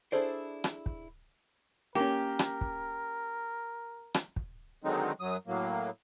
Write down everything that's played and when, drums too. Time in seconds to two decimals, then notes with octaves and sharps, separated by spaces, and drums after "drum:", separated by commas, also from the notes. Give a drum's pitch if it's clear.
0.12 D4 E4 G#4 A4 C5 D5
0.64 drum: rim click
0.86 drum: kick
1.95 A#3 C#4 G4 A#4
2.39 drum: rim click
2.61 drum: kick
4.14 drum: rim click
4.36 drum: kick
4.84 D3 D#3 F#3 G#3 C4 D#4
5.20 F#2 F#3 D#6
5.47 A2 F#3 A#3